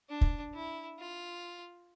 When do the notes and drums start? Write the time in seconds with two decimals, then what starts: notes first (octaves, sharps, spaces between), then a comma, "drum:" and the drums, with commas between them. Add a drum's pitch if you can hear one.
0.09 D4
0.21 drum: kick
0.54 E4
0.98 F4